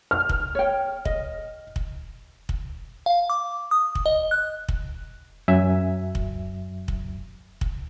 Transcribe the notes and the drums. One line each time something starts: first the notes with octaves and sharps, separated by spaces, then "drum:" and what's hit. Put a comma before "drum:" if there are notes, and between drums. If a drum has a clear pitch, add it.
F6
drum: kick
C#5 G5
D#5, drum: kick
drum: kick
drum: kick
F5
D6
D#6
drum: kick
D#5
F#6
drum: kick
F#2 F#3 E5 G#5
drum: kick
drum: kick
drum: kick